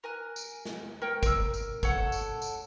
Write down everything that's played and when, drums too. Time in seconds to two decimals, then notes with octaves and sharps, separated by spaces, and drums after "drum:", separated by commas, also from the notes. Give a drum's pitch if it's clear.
0.04 A#4 G#5 F#6
0.36 drum: tambourine
0.65 drum: snare
1.02 A#4 C#5 G5
1.23 A#4 E6, drum: kick, tambourine
1.54 drum: tambourine
1.83 A4 C#5 F#5, drum: kick, tambourine
2.12 drum: tambourine
2.42 drum: tambourine